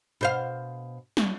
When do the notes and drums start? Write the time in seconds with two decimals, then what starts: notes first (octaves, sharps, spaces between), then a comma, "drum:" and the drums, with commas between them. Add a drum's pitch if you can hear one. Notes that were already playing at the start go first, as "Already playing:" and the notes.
0.21 B2 C5 F5
1.17 drum: snare